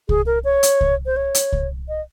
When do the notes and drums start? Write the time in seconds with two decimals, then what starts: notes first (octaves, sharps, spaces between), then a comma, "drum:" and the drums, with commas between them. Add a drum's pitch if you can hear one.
0.09 G#4, drum: kick C2
0.26 A#4
0.44 C#5
0.63 drum: hi-hat
0.81 drum: kick C2
1.06 C5
1.16 C#5
1.35 drum: hi-hat
1.52 drum: kick C2
1.88 D#5